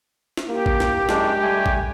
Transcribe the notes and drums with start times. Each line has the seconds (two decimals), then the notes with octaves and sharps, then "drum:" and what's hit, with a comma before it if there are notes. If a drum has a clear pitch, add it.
0.37 drum: snare
0.48 A#3 G4
0.66 drum: kick
0.80 drum: snare
1.09 F#2 G#3 D4, drum: snare
1.43 G3 A3 G#5
1.66 drum: kick